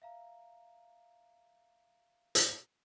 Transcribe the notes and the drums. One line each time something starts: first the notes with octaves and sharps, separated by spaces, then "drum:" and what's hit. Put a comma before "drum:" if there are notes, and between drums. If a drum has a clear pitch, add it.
E5 F5 A#5
drum: hi-hat